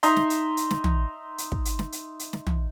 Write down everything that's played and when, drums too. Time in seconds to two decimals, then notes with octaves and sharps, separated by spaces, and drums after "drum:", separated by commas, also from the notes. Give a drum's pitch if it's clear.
0.03 D#4 E5 A#5 C6, drum: hi-hat
0.16 drum: snare
0.30 drum: hi-hat
0.57 drum: hi-hat
0.71 drum: snare
0.84 drum: tom
1.38 drum: hi-hat
1.52 drum: kick
1.65 drum: hi-hat
1.79 drum: snare
1.92 drum: hi-hat
2.19 drum: hi-hat
2.33 drum: snare
2.47 drum: tom